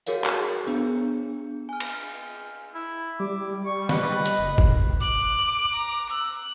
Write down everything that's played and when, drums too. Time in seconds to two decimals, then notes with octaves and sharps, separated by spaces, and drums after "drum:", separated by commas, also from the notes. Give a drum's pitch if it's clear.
0.06 F#4 G#4 A#4 C#5 F5, drum: tambourine
0.24 drum: clap
0.67 B3 D4 G#4
1.69 G#5 F6
1.80 drum: cymbal
2.74 E4
3.20 G3 D6
3.66 C#6
3.89 B4 D#5, drum: snare
4.26 drum: hi-hat
4.39 F#1
4.58 drum: kick
5.01 D6 F#6
5.74 A#5
6.10 E6 F#6